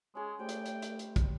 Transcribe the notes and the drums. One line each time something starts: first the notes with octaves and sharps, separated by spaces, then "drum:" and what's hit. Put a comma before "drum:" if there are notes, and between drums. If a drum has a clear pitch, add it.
G#3 C#4 G#4
G3 A3 C5 G5
drum: hi-hat
drum: hi-hat
drum: hi-hat
drum: hi-hat
drum: kick, hi-hat